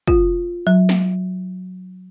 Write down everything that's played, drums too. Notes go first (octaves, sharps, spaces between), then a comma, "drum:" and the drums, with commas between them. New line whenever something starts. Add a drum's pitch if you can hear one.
F4, drum: kick
F#3
drum: snare